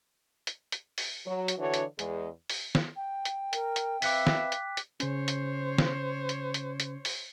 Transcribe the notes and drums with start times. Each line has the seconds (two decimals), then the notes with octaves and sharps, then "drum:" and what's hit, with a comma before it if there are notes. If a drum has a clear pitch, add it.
0.47 drum: hi-hat
0.72 drum: hi-hat
0.98 drum: open hi-hat
1.27 F#3
1.48 drum: hi-hat
1.58 D3 E3 D4 F#4 C#5
1.74 drum: hi-hat
1.99 E2 G#3, drum: hi-hat
2.50 drum: open hi-hat
2.75 drum: snare
2.96 G5
3.25 drum: hi-hat
3.53 A#4, drum: hi-hat
3.76 drum: hi-hat
4.02 C4 B4 E5 F5 D6 F#6 B6, drum: open hi-hat
4.27 drum: snare
4.52 drum: hi-hat
4.77 drum: hi-hat
5.00 C#3 C#4 C5 C#5, drum: hi-hat
5.28 drum: hi-hat
5.78 drum: snare
6.29 drum: hi-hat
6.54 drum: hi-hat
6.80 drum: hi-hat
7.05 drum: open hi-hat